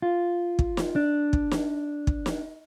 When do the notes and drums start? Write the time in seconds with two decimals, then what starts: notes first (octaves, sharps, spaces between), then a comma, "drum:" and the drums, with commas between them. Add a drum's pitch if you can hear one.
0.02 F4
0.59 drum: kick
0.77 drum: snare
0.96 D4
1.33 drum: kick
1.51 drum: snare
2.07 drum: kick
2.26 drum: snare